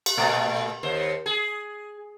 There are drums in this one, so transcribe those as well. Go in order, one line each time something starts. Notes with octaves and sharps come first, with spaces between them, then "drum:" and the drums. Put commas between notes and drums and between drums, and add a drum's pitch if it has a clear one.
drum: cymbal
A#2 A3
D#2 C5
G#4